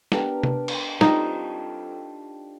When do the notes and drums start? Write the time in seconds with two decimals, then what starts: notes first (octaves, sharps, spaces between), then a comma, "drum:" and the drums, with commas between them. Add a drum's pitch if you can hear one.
0.12 B3 D4 G4 A#4, drum: snare
0.43 drum: tom C3
0.68 drum: cymbal
1.01 G3 C4 D#4 F4 A4, drum: snare